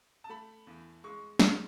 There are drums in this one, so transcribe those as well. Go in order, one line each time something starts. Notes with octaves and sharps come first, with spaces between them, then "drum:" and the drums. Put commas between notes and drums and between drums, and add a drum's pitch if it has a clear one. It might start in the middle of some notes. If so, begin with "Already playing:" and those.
A5
A3 B5
E2
G#3 C#6
G#3, drum: snare